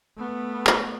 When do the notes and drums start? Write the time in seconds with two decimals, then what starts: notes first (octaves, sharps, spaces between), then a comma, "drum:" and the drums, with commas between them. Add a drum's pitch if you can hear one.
0.17 A3 B3
0.67 drum: clap